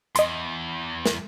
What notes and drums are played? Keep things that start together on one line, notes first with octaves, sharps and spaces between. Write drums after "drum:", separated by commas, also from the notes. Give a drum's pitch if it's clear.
E2 D#5 C6, drum: hi-hat
drum: snare